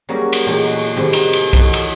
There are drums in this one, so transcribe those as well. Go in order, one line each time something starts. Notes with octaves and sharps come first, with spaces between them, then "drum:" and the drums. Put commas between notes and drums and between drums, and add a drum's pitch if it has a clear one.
F#3 G3 A#3 C#4 F#4 G#4
drum: cymbal
E2 A#2 F#3 G#3 D#4 G5
F#4
A2 C3 D#3 G3 G#3
D#4 F#4, drum: cymbal
drum: cymbal
E3 A3 D#4 F#4 C#5, drum: kick, cymbal
drum: cymbal